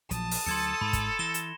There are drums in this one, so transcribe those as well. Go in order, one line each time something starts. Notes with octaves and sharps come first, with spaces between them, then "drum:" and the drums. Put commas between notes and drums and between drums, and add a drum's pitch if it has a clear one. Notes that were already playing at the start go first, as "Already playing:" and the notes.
A#1 F3 F#3 A5 D#6, drum: hi-hat
drum: open hi-hat
D2 F#3 A4 C6 G#6 C#7
G#2 B5
drum: kick, hi-hat
E3 A#6 E7 G7
drum: hi-hat